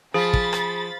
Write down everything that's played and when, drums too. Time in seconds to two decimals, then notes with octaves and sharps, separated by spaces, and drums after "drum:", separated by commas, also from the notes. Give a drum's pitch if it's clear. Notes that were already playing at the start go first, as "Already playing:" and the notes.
0.14 F3 G#4 B5 A6
0.33 drum: kick
0.53 drum: rim click